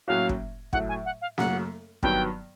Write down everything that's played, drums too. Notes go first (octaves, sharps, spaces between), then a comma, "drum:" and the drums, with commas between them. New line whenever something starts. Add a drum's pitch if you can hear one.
A2 F#3 A#3 C#4 F#4 F5
drum: kick
A2 F#3 A3 F#5, drum: kick
G#5
F#5
F5
F#2 C#3 F#3 A#3 F#5, drum: snare
G2 D#3 F#3 B3 G5, drum: kick